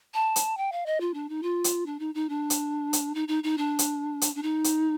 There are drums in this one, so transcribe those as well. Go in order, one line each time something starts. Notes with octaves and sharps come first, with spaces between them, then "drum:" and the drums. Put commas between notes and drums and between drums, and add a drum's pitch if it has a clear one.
A5
drum: hi-hat
G5
F5
D#5
F4
D4
D#4
F4
drum: hi-hat
D4
D#4
D#4
D4
drum: hi-hat
drum: hi-hat
D#4
D#4
D#4
D4
drum: hi-hat
drum: hi-hat
D4
D#4
drum: hi-hat